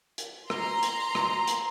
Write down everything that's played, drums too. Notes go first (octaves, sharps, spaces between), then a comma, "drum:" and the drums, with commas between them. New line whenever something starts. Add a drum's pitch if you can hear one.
drum: hi-hat
A#5 C6, drum: rim click
drum: hi-hat
drum: rim click
drum: hi-hat